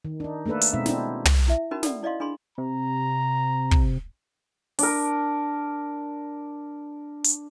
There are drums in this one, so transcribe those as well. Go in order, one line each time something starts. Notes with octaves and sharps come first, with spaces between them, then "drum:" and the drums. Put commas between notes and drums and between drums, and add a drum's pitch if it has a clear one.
D#3
D4 D#4
A3 A#3 D4 A4 B4
drum: hi-hat
B2 G#3 B3 C4 D#4 E5
C4 D4 E4, drum: snare
drum: tom
E4 E5
C#4 D#4 F#4 A#4 B5
A4 D5 F#5, drum: snare
E4 D5 D#5 F5 C6
D4 G#4 B5 C6
C3 A#5
drum: kick
D4 A#4, drum: open hi-hat
drum: hi-hat